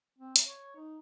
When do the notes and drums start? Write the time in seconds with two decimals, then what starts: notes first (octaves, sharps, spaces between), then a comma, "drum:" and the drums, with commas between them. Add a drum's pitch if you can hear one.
0.18 C4
0.36 drum: hi-hat
0.46 C#5
0.76 D#4